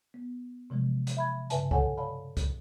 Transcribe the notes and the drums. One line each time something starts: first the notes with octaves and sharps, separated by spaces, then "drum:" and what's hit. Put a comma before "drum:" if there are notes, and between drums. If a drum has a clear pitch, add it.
B3
C3 E3 F3 G#3
drum: hi-hat
E5 B5 G#6
G2 C#3 B4 E5 G#5 A5, drum: hi-hat
A4 C#5 F#5 G#5 A5, drum: kick C2
C#5 D5 F5 A5 B5
drum: kick C2, hi-hat